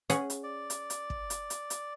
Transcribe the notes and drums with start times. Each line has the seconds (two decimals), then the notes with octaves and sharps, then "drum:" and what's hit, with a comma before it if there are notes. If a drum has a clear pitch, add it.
0.10 C#4 G#4 F#5, drum: hi-hat
0.30 drum: hi-hat
0.43 D5
0.70 drum: hi-hat
0.90 drum: hi-hat
1.10 drum: kick
1.30 drum: hi-hat
1.50 drum: hi-hat
1.70 drum: hi-hat